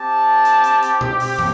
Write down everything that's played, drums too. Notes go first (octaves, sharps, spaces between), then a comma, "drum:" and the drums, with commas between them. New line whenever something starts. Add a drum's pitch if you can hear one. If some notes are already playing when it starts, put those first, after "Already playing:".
Already playing: C4 G4 A5
drum: hi-hat
drum: hi-hat
drum: hi-hat
G5, drum: tom B2
drum: open hi-hat
drum: tom